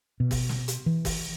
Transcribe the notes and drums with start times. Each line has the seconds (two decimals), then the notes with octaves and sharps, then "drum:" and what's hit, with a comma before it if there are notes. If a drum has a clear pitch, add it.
0.20 B2
0.31 drum: kick, open hi-hat
0.49 drum: snare
0.68 drum: hi-hat
0.86 E3
1.05 drum: kick, open hi-hat